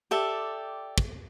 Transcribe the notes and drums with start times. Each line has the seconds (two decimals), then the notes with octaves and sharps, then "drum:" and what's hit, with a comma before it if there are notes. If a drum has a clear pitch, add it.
0.11 G4 A4 D5 E5
0.98 drum: kick